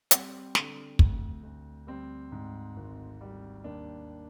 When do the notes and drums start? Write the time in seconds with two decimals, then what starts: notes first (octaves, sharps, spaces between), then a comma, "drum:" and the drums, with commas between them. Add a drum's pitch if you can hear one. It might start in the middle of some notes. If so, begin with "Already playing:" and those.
0.11 G3 C4, drum: hi-hat
0.55 D3, drum: snare
0.99 D2, drum: kick
1.43 D2
1.87 G3 C4
2.32 G#2
2.76 G#1
3.21 G3
3.64 D#2 D4